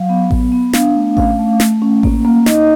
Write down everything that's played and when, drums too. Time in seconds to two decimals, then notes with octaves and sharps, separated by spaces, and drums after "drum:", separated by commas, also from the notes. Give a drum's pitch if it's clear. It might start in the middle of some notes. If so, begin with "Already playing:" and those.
Already playing: F#3 F5
0.09 B3
0.31 B3, drum: kick A1
0.52 B3
0.73 D4 F5, drum: snare
0.96 A3
1.17 C#4 F5, drum: kick A1
1.39 A3
1.60 A3, drum: snare
1.82 C#4
2.03 A#3, drum: kick A1
2.25 A#3
2.46 D#4 D#5, drum: snare